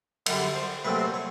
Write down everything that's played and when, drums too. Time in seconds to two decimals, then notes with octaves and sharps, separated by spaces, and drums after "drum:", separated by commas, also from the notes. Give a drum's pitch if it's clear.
0.26 F#2 D3 G3, drum: cymbal
0.55 C5
0.85 C2 A#2 F#3 A3 C4 B4
0.99 C5
1.14 C#5